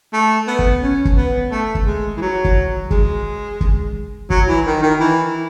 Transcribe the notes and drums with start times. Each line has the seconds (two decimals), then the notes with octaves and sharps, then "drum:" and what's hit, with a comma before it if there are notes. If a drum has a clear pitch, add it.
0.13 A3
0.47 B3
0.59 drum: kick
0.82 C#4
1.05 drum: kick
1.17 B3
1.51 A3
1.75 drum: kick
1.86 G#3
2.17 E3
2.21 F#3
2.45 drum: kick
2.91 G#3, drum: kick
3.61 drum: kick
4.30 F#3, drum: kick
4.48 E3
4.66 D#3
4.83 D#3
5.00 E3